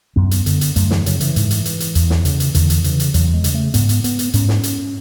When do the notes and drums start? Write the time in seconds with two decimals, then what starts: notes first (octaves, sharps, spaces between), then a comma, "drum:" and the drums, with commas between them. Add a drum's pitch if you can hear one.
0.16 F#2 B3
0.31 drum: hi-hat
0.46 D3, drum: hi-hat
0.61 drum: hi-hat
0.76 F#2 A3, drum: hi-hat
0.91 E3, drum: snare
1.06 C#3 F#3, drum: hi-hat
1.20 E3, drum: hi-hat
1.36 G#2, drum: hi-hat
1.51 drum: hi-hat
1.65 drum: hi-hat
1.80 drum: hi-hat
1.95 E2, drum: hi-hat
2.10 drum: snare
2.25 C#3, drum: hi-hat
2.40 drum: hi-hat
2.55 E2 D3, drum: hi-hat
2.70 drum: hi-hat
2.84 C#3 E3, drum: hi-hat
3.00 drum: hi-hat
3.14 E2 F#3, drum: hi-hat
3.34 G#3
3.44 C#3, drum: hi-hat
3.54 A3
3.74 G#2 B3, drum: hi-hat
3.89 drum: hi-hat
4.04 B3, drum: hi-hat
4.19 drum: hi-hat
4.34 G#2 C#4, drum: hi-hat
4.49 drum: snare
4.63 drum: hi-hat